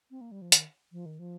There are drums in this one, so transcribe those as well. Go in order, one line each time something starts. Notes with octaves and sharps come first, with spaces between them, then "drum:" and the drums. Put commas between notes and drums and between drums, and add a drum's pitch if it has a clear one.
C4
A#3
G3
F3
D#3, drum: hi-hat
F3
D#3
F3